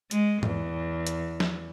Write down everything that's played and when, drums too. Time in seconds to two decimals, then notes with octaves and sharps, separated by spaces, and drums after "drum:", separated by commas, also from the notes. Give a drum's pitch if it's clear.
0.11 G#3, drum: hi-hat
0.43 E2, drum: tom G#2
1.07 drum: hi-hat
1.40 drum: snare